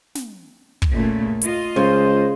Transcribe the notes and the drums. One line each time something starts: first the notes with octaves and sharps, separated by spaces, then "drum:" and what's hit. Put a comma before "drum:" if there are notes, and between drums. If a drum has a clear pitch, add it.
drum: snare
drum: kick
A#2 C#3 A3
F4 D#5, drum: hi-hat
C#2 C#3 C5